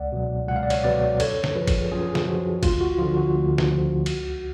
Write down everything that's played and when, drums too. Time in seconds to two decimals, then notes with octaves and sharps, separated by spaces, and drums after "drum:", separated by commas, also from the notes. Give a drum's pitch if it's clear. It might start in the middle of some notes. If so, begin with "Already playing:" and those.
Already playing: C#2 D5 F#5
0.12 B2 F#3
0.48 C#2 F#5
0.56 F5
0.63 D5
0.70 C#5 F5, drum: cymbal
0.84 B2 F#3 B4 D5
1.20 F#2 A4 C#5, drum: cymbal
1.44 drum: snare
1.55 F3 G#4 B4
1.68 drum: kick G1, cymbal
1.91 F#2 F4 G#4
2.15 drum: snare
2.27 F3 F#4
2.63 D2 F4, drum: kick G1, cymbal
2.81 F#4
2.99 D3 F3 F4
3.17 F#4
3.35 D2
3.58 drum: snare
3.70 D3 F3
4.06 C#2, drum: cymbal